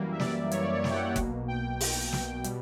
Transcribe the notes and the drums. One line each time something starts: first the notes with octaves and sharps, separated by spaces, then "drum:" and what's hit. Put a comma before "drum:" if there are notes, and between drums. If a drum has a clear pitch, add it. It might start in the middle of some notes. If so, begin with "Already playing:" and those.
Already playing: F#2 E3 G3 A#3
E5
D5, drum: snare
D5
C#5, drum: hi-hat
D5
C#5
D5, drum: snare
G5
F#5
G5
B1 B2 A#3, drum: kick F#1, hi-hat
G5
drum: open hi-hat
drum: snare
B2 G3, drum: hi-hat